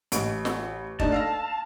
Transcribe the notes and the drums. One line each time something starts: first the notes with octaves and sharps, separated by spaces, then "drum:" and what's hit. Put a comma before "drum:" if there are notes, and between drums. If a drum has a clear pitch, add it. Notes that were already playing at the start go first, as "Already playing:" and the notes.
A1 D#5 D7, drum: hi-hat
drum: snare
A3 D4 D#4 A5, drum: kick
F5 E6 A#6